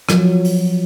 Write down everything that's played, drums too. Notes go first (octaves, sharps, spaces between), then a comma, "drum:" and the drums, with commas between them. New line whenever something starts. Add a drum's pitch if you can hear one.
F3 F#3, drum: rim click
drum: open hi-hat